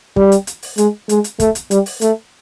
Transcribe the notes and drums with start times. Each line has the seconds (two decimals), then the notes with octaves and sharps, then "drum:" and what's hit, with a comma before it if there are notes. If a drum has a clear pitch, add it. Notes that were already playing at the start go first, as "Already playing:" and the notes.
0.16 G3, drum: kick
0.32 drum: hi-hat
0.47 drum: hi-hat
0.63 drum: open hi-hat
0.78 G#3, drum: hi-hat
1.09 G#3, drum: hi-hat
1.24 drum: hi-hat
1.40 A3, drum: kick, hi-hat
1.55 drum: hi-hat
1.71 G3, drum: hi-hat
1.86 drum: open hi-hat
2.01 A3, drum: hi-hat